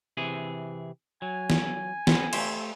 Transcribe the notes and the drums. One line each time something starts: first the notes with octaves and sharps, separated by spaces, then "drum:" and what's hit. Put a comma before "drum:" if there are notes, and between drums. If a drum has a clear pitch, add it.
C3 E3 G#4
F#3 G#5
drum: snare
B3 C4, drum: snare
A3 G4 C5, drum: cymbal